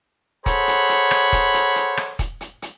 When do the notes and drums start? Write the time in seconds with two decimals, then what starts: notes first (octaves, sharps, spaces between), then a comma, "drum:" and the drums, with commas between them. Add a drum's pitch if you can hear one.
0.46 G#4 A4 C5 C#5 F#5 B5, drum: kick, hi-hat
0.68 drum: hi-hat
0.89 drum: hi-hat
1.11 drum: rim click
1.33 drum: kick, hi-hat
1.54 drum: hi-hat
1.76 drum: hi-hat
1.97 drum: rim click
2.19 drum: kick, hi-hat
2.41 drum: hi-hat
2.62 drum: hi-hat